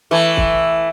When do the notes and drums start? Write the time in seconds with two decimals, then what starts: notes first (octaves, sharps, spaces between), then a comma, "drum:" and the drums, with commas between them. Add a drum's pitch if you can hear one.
0.11 E3 A3
0.37 drum: kick